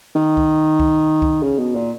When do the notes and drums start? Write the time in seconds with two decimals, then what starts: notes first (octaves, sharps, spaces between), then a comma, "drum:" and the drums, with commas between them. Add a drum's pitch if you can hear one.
0.15 D#3
0.37 drum: kick C2
0.80 drum: kick C2
1.22 drum: kick C2
1.43 C#3
1.59 B2
1.75 A#2